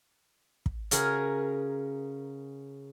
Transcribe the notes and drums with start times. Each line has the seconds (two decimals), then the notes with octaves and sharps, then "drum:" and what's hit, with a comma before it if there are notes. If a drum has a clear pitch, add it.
0.66 drum: kick
0.91 C#3 F#4 G#4 A#4, drum: hi-hat